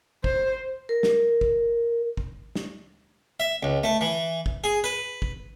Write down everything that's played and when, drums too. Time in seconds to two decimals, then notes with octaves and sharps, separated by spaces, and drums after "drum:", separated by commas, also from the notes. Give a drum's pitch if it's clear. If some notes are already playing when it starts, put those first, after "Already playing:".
0.24 C5, drum: kick
0.89 A#4
1.03 drum: snare
1.41 drum: kick
2.17 drum: kick
2.55 drum: snare
3.40 E5
3.63 C#2
3.84 A3
4.01 E3
4.46 drum: kick
4.64 G#4
4.84 B4
5.22 drum: kick